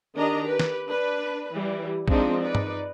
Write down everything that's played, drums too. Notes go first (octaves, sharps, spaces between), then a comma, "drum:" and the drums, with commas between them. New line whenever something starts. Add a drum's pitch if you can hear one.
D#3 D4 G4 D#5 A#5
G4 B4
drum: snare
D4 B4
E3 G3
F3 G#3 C4 D4 D#4 F4, drum: kick
D#4 B4 D5
drum: tom G2